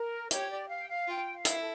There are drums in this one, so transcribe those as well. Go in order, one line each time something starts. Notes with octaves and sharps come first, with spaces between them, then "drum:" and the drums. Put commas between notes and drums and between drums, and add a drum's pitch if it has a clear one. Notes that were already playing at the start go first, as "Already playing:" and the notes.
Already playing: A#4
G4 C#5, drum: hi-hat
D5
F5
G5
F5
F4 G5
F5
E4, drum: hi-hat
A4